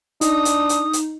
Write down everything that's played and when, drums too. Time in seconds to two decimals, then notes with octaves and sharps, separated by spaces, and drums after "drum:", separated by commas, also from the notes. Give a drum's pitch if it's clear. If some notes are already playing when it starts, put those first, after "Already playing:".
0.21 D4 D#4 D#6, drum: hi-hat
0.45 drum: hi-hat
0.69 drum: hi-hat
0.93 drum: hi-hat